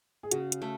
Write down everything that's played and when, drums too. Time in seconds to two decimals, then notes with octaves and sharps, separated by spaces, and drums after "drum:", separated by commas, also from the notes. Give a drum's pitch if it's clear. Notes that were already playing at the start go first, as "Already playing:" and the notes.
0.23 G#4
0.31 C#3 F#4, drum: hi-hat
0.52 drum: hi-hat
0.62 A3